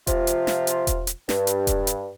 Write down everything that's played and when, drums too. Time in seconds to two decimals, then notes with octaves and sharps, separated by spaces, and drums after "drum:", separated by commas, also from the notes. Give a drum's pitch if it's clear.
0.07 C3 F3 F4, drum: kick E1, hi-hat
0.27 drum: hi-hat
0.47 drum: snare
0.67 drum: hi-hat
0.87 drum: kick E1, hi-hat
1.07 drum: hi-hat
1.29 G2, drum: snare
1.47 drum: hi-hat
1.67 drum: kick E1, hi-hat
1.87 drum: hi-hat